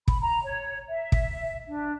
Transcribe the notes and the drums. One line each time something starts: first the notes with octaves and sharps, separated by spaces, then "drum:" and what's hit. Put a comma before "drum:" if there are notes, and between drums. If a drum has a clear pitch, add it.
B5, drum: kick
A#5
C#5
E5
drum: kick
D4